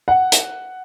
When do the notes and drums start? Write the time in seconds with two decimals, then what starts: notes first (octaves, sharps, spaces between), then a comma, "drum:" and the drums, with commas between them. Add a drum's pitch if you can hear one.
0.08 F#5
0.32 drum: hi-hat